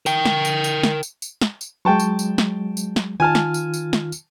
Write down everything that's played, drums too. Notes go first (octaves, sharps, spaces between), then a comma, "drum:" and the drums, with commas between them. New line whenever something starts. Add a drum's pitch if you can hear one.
A#4 G5, drum: tambourine
drum: snare
drum: tambourine
drum: tambourine
drum: snare
drum: tambourine
drum: tambourine
drum: snare
drum: tambourine
F#3 G#3 G5 A5 C#6
drum: tambourine
drum: tambourine
drum: snare
drum: tambourine
drum: snare
D#3 F4 G#5 A5 F6
drum: snare
drum: tambourine
drum: tambourine
drum: snare
drum: tambourine